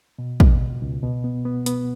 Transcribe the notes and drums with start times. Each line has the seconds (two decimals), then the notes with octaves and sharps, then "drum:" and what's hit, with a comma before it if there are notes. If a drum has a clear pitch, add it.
0.19 B2
0.40 B2, drum: kick
0.62 C#2
0.82 C#2
1.03 B2
1.24 B3
1.45 B3
1.66 B3, drum: hi-hat